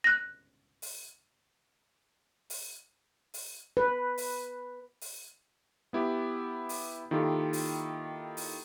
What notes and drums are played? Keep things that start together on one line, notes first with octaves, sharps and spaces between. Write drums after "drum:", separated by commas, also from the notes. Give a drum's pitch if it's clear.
F#6 A#6
drum: open hi-hat
drum: open hi-hat
drum: open hi-hat
B4
drum: open hi-hat
drum: open hi-hat
B3 E4 G4 D6
drum: open hi-hat
D#3 A#3 E4 F4 G4 A4
drum: open hi-hat
drum: open hi-hat